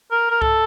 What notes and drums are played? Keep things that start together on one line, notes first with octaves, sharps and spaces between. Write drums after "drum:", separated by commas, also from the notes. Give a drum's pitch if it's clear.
A#4
A#4
A4, drum: kick C#2